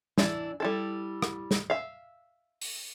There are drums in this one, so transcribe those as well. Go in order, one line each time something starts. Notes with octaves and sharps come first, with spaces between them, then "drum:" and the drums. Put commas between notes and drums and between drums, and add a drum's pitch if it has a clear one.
E3 D4 E4, drum: snare
G3 E4 A4
drum: rim click
drum: snare
E5 F5
drum: open hi-hat